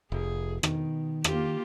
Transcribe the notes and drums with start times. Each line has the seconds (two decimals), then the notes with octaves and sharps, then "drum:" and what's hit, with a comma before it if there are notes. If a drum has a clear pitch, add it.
0.12 F1 G#4
0.63 B2 D#3, drum: rim click
1.24 A#3 F4 G4, drum: rim click